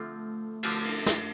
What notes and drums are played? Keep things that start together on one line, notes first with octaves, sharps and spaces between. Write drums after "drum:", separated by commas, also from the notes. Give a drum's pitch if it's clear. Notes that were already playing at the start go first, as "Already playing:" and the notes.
Already playing: D3 F3 A3 C4 F4
D3 F3 C4 F4 B4, drum: cymbal
drum: cymbal
drum: snare